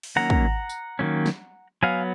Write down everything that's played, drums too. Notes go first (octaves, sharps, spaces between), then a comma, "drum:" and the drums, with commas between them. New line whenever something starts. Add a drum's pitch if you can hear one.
drum: open hi-hat
D#3 F#3 A#3 C#4 F#5 A#5
drum: kick
drum: tambourine
D#3 F#3 A#3 C#4
drum: snare
F#3 B3 F5 G#5